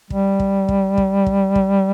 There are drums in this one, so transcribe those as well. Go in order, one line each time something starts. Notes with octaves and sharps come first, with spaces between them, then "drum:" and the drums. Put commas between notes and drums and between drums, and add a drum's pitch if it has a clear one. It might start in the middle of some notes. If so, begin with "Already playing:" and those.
G3, drum: kick
drum: kick
drum: kick
drum: kick
drum: kick
drum: kick